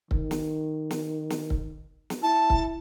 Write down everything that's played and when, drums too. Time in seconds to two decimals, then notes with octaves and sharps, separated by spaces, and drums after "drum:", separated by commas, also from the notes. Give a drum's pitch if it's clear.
0.11 D#3, drum: kick C#1
0.31 drum: snare
0.91 drum: snare
1.30 drum: snare
1.50 drum: kick C#1
2.10 drum: snare
2.22 E4 A5
2.50 drum: kick C#1